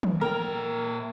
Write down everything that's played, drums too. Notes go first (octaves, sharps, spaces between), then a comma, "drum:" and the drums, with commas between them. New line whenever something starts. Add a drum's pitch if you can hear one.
drum: tom
A#2 A#4 G5